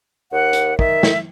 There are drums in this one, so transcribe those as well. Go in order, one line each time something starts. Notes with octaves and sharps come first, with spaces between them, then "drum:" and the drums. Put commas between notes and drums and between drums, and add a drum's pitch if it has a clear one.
D#2 F#5
drum: hi-hat
D#3 E5, drum: kick
drum: snare